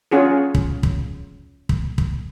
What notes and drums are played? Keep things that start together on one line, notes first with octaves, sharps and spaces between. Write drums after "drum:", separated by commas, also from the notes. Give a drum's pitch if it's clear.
C#4 F4 F#4 G#4
drum: kick
drum: kick
drum: kick
drum: kick